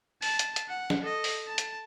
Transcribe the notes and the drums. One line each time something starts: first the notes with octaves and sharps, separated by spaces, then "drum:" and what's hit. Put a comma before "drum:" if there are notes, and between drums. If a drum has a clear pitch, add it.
A5, drum: open hi-hat
drum: hi-hat
drum: hi-hat
F#5
drum: snare
A4 D#5
drum: open hi-hat
A5
drum: hi-hat